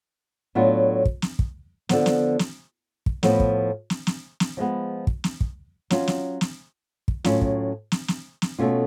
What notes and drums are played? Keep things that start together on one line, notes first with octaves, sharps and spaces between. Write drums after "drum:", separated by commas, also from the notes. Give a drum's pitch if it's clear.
A2 F#3 B3 D4 F4
drum: kick
drum: snare
drum: kick
D3 F3 B3, drum: snare
drum: snare
drum: snare
drum: kick
A2 F3 B3, drum: snare
drum: kick
drum: snare
drum: snare
drum: snare
F3 G#3 B3
drum: kick
drum: snare
drum: kick
F#3 C#4 F4, drum: snare
drum: snare
drum: snare
drum: kick
A2 F#3 C#4 F4, drum: snare
drum: kick
drum: snare
drum: snare
drum: snare
B2 A3 C#4 F4